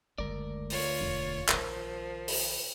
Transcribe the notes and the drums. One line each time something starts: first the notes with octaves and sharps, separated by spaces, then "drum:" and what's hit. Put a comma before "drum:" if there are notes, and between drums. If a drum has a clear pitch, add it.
F#1 D2 G#3 A#4 D5
F4 C#5, drum: open hi-hat
E1 E2
A#1 D#3 F3 A#4, drum: clap
drum: open hi-hat